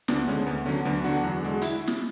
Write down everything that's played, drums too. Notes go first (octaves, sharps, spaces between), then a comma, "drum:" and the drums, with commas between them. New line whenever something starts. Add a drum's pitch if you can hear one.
D2 B3 D4, drum: snare
D3 G#3 C#4
D2 B3
D3 F#3 C#4
D2 B3 D4
D3 F#3 D4 F#4
E2
D3 G#3
F#4
E4, drum: hi-hat
drum: snare